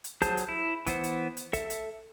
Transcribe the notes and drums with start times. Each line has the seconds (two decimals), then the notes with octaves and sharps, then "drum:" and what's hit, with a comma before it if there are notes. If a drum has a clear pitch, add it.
0.04 drum: hi-hat
0.22 F#3 G#4 C5 A5 G6, drum: kick, hi-hat
0.37 drum: hi-hat
0.49 E4
0.87 E3 B3 C5, drum: kick, hi-hat
1.04 drum: hi-hat
1.37 drum: hi-hat
1.53 A4 E5, drum: kick, hi-hat
1.70 drum: hi-hat